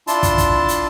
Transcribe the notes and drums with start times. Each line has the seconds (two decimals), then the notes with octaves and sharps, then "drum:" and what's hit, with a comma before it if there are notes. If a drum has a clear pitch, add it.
0.07 D4 E4 F4 A5 C6, drum: hi-hat
0.23 drum: kick, hi-hat
0.38 drum: kick, hi-hat
0.68 drum: hi-hat